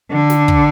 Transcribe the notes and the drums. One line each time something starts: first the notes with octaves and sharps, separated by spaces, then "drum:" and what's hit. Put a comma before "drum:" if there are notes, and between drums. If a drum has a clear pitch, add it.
D3
drum: snare
drum: kick